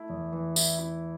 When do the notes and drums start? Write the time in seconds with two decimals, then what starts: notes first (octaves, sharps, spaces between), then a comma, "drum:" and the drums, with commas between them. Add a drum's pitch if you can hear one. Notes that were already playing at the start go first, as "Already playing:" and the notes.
Already playing: A3 E4
0.10 E2
0.32 E3
0.56 E4, drum: tambourine
0.79 E4